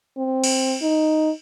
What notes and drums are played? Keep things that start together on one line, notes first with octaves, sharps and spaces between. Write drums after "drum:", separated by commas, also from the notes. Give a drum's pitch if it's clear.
C4
drum: cymbal
D#4